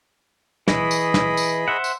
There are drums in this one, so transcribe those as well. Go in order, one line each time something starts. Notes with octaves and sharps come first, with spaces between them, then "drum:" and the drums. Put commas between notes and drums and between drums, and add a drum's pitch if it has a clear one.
E3 G#4 D#5 B5, drum: snare
drum: tambourine
drum: snare
drum: tambourine
C5 E5 F#5
drum: tambourine